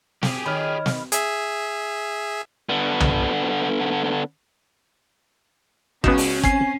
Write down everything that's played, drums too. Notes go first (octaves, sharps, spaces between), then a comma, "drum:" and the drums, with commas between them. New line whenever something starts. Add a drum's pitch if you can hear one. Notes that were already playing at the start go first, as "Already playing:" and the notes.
G4 G#4, drum: snare
D#3 C#5 B5 F6
drum: snare
G#4 E5, drum: hi-hat
D3 B3
drum: tom
C#2 B3 C#4 D#4 F#4 E7, drum: kick
drum: open hi-hat
C4 G#5 C7, drum: kick